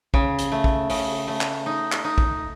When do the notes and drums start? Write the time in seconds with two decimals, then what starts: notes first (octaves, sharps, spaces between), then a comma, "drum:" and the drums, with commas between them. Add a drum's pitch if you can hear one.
0.14 C#3, drum: kick
0.39 drum: hi-hat
0.52 A3
0.64 drum: kick
0.90 C#3, drum: open hi-hat
1.28 A3
1.41 drum: clap
1.66 D#4
1.92 drum: clap
2.04 D#4
2.18 drum: kick